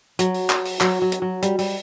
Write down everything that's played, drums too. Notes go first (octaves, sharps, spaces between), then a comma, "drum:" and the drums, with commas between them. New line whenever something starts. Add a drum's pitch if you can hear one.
F#3, drum: hi-hat
drum: open hi-hat
drum: clap
drum: open hi-hat
F#3, drum: clap
F#3
drum: hi-hat
F#3
G3, drum: hi-hat
G3, drum: open hi-hat